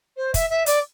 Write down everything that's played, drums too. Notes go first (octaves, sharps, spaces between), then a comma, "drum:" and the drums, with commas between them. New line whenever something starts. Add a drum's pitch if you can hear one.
C5
E5, drum: kick, hi-hat
E5
D5, drum: hi-hat